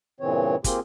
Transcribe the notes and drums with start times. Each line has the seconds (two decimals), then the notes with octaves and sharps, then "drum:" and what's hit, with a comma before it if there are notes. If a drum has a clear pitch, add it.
0.20 G2 A#2 C#3 E3 C4 C#5
0.64 A#3 C4 F4 G4 G#4, drum: kick, hi-hat